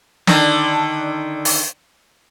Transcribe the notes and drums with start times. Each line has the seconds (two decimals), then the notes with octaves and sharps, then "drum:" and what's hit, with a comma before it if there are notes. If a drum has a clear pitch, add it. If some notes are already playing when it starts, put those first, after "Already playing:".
0.27 D3 D#3 D#4, drum: snare
1.45 drum: open hi-hat